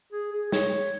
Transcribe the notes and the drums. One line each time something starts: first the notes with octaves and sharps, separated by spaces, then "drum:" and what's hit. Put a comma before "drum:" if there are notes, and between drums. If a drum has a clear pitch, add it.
G#4
G#4
C#5, drum: snare